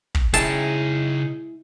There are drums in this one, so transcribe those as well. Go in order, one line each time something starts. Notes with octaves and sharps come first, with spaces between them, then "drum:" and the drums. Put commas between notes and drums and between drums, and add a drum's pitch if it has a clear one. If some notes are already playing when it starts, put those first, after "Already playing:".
drum: kick
C#3 G#3 C#4 D#4 E4 G#4 G5 A5, drum: hi-hat